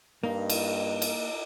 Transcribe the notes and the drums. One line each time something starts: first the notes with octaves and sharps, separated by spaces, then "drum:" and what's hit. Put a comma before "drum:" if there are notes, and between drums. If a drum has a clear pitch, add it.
G2 A#3 D#4
drum: cymbal
drum: cymbal